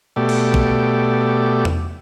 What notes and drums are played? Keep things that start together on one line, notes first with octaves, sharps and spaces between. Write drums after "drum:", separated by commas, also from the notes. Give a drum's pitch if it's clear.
B2 A3 G4 D5
drum: cymbal
drum: kick
drum: tom E2